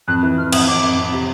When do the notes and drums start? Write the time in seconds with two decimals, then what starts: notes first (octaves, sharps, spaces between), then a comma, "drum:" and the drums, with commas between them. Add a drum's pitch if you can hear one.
0.08 F2 F#6
0.23 E3
0.37 F2 F6
0.52 F2 D#6, drum: cymbal
0.67 F2 D6
0.82 F2
0.97 F2
1.13 C3